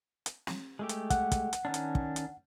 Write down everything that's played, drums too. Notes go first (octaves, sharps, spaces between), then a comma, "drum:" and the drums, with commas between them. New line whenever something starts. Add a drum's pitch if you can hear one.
drum: hi-hat
drum: snare
G#3 A3 G4
drum: hi-hat
F#5, drum: kick, hi-hat
drum: kick, hi-hat
drum: hi-hat
D#3 C#4 D4
drum: hi-hat
drum: kick
drum: hi-hat